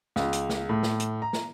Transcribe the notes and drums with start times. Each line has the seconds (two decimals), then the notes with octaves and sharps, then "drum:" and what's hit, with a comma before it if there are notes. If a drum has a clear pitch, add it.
0.16 C#2, drum: snare
0.33 drum: hi-hat
0.49 drum: snare
0.69 A2
0.83 drum: snare
1.00 drum: hi-hat
1.22 A#5
1.33 drum: snare